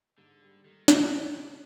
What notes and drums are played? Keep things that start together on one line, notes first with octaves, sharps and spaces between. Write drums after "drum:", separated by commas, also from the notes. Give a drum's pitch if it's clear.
G#2 D3
G3
D#3 A3
D3 A3, drum: snare
B2
C3 A#3